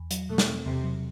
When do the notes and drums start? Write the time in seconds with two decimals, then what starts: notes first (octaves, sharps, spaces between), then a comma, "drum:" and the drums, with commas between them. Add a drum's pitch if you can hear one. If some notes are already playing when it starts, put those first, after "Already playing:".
Already playing: E2
0.11 F#3, drum: hi-hat
0.29 B2 A3
0.38 drum: snare
0.48 C4
0.65 E2 C3
0.84 F#3